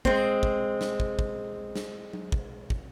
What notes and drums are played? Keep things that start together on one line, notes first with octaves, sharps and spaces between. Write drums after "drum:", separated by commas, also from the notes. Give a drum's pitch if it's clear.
G#3 C4, drum: kick
drum: kick
drum: snare
drum: kick
drum: kick
drum: snare
drum: tom F#3
drum: kick
drum: kick